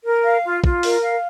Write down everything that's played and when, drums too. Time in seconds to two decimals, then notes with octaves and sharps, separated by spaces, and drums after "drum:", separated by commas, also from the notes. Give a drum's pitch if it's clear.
0.05 A#4
0.24 F5
0.45 F4
0.64 F4, drum: kick
0.83 A#4, drum: open hi-hat
1.02 F5